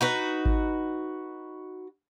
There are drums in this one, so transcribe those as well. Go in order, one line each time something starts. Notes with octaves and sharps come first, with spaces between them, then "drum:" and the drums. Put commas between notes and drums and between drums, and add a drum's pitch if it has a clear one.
D#4 F#4 B4
drum: kick G#1